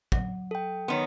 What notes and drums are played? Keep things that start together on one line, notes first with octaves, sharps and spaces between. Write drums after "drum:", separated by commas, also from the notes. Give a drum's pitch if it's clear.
F#3, drum: kick
A4 G5
D#3 B3 C#5 C6